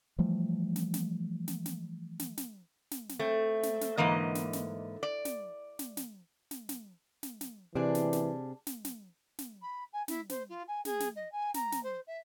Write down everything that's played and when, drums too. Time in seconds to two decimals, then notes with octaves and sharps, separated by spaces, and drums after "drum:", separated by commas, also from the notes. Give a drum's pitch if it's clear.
0.18 E3 F3 G3 A3
0.76 drum: snare
0.94 drum: snare
1.48 drum: snare
1.66 drum: snare
2.19 drum: snare
2.37 drum: snare
2.91 drum: snare
3.09 drum: snare
3.19 A3 C4
3.63 drum: snare
3.81 drum: snare
3.97 G#2 D3 E3 A#3 D#5
4.35 drum: snare
4.53 drum: snare
5.03 D5
5.25 drum: snare
5.79 drum: snare
5.97 drum: snare
6.51 drum: snare
6.69 drum: snare
7.23 drum: snare
7.41 drum: snare
7.75 C3 E3 G3 D4 G#4
7.95 drum: snare
8.13 drum: snare
8.67 drum: snare
8.85 drum: snare
9.39 drum: snare
9.62 B5
9.93 G#5
10.08 E4, drum: snare
10.30 C5, drum: snare
10.49 F4
10.68 G#5
10.85 G#4, drum: snare
11.00 drum: snare
11.16 D#5
11.32 G#5
11.54 A#5, drum: snare
11.72 drum: snare
11.83 C5
12.07 E5